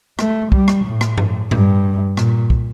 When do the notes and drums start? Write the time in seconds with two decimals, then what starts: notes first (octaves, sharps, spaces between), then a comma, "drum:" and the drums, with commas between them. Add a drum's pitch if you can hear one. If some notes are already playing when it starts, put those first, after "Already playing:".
0.19 A3, drum: rim click
0.52 G3, drum: kick
0.68 drum: rim click
0.85 A2
1.01 drum: rim click
1.17 drum: tom G2
1.51 G2, drum: tom A2
2.17 A#2, drum: rim click
2.50 drum: kick